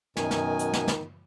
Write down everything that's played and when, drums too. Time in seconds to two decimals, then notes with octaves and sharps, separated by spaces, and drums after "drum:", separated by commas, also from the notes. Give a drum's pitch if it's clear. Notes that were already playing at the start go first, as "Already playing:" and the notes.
0.17 F#2 B2 D#3 G#5, drum: snare
0.31 drum: snare
0.59 drum: hi-hat
0.73 drum: snare
0.88 drum: snare